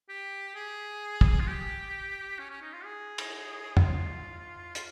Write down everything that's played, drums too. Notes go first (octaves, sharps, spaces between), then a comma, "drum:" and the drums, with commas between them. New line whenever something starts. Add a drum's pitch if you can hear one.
G4
G#4
drum: kick
F4
G4
C#4
C#4
D#4
F4
G#4
drum: cymbal
F4, drum: tom
F4, drum: hi-hat